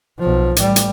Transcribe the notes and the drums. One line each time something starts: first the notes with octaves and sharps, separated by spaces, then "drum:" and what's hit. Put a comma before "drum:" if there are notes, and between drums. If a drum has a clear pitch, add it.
B1 F3
A1 G3, drum: hi-hat
drum: hi-hat